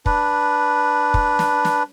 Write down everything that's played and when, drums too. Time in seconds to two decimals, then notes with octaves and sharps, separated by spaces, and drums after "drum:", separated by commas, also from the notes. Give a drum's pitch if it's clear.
0.06 D4 B4, drum: kick
1.14 drum: kick
1.39 drum: snare
1.65 drum: snare